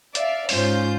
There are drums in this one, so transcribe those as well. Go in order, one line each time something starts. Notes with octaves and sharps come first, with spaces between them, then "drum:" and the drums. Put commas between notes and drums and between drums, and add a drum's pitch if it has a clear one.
D5 E5 F5, drum: hi-hat
G#2 C#4 F4 C5 G6, drum: open hi-hat